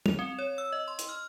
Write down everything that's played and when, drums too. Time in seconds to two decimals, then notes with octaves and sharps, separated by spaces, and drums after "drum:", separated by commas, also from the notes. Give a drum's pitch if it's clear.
0.06 F7, drum: tom
0.19 C4
0.39 C#5
0.58 E6
0.72 D#5
0.88 C6
0.99 drum: hi-hat
1.09 F6